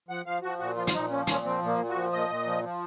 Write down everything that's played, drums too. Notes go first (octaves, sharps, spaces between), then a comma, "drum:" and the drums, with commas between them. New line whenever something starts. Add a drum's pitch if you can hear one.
F3 F#5
F3 F5
F3 F#4
A#2 F#4
F3 F4
F4, drum: hi-hat
A#2 D#4
F3 C#4
A#2 C#4, drum: hi-hat
F3 C4
A#2 A#3
A#2
F#4
F3
A#2 D#5
A#2
F3
F3